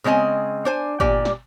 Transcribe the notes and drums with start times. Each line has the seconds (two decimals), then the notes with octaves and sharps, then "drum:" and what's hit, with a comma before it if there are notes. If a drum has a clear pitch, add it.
0.04 C#3 G#3 C4 D#5 G#5
0.65 D4 C5 G#5
1.00 A#2 G4 D5 G#5, drum: kick
1.25 drum: snare